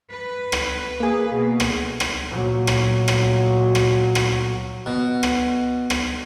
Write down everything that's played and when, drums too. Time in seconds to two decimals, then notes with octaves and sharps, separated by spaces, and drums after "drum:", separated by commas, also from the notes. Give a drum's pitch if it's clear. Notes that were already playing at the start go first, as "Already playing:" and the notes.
0.12 B4
0.52 drum: rim click
1.00 A#3 G#4
1.33 B2
1.60 drum: rim click
2.00 drum: rim click
2.30 A#2 F#3
2.67 drum: rim click
3.08 drum: rim click
3.75 drum: rim click
4.15 drum: rim click
4.86 B2
5.23 drum: rim click
5.90 drum: rim click